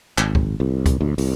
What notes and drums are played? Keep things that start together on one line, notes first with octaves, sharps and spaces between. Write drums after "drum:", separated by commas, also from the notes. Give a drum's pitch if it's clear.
G#1, drum: clap
drum: kick
C2
drum: kick, hi-hat
D2
C2, drum: open hi-hat